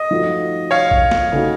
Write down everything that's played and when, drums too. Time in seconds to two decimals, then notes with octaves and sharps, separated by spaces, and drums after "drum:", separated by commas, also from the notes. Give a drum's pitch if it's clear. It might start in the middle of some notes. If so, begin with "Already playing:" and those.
Already playing: D#5
0.11 F3 A3 D#4 F#4
0.71 C#5 F5
0.91 drum: kick
1.11 drum: snare
1.32 C#3 A3 D#4 F#4